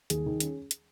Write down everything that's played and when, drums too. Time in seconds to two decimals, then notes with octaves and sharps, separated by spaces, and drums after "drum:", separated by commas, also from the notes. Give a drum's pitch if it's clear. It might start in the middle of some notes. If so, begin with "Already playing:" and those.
0.10 D#2 G#4, drum: hi-hat
0.26 D#3
0.40 C#4, drum: hi-hat
0.71 drum: hi-hat